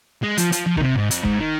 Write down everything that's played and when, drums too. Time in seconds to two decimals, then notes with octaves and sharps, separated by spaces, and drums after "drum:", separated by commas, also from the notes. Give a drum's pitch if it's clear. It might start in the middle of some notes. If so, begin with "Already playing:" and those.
0.23 G#3
0.38 F3, drum: hi-hat
0.52 F3, drum: hi-hat
0.66 F3
0.77 D#3, drum: kick
0.81 C3
0.96 G#2
1.11 F2, drum: hi-hat
1.25 G#2, drum: kick
1.40 D#3